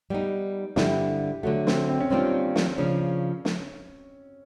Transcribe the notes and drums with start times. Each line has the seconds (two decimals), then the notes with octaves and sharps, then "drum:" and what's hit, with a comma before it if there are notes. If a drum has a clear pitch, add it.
0.10 G3 B3 D#4
0.76 G2 D3 G3 C4 E4 G4, drum: snare
1.43 D3 F#3 A3 F#4
1.67 C4, drum: snare
1.89 C4
2.00 C#4
2.10 D#3 G3 A#3 C4 D4 F4
2.56 drum: snare
2.77 C#3 F3 A#3 C#4 D4
3.45 drum: snare